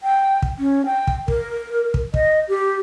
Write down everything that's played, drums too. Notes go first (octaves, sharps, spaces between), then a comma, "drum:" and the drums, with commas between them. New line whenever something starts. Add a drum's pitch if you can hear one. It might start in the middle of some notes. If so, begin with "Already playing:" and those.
G5
drum: kick
C#4
G5
drum: kick
A#4, drum: kick
drum: kick
D#5, drum: kick
G4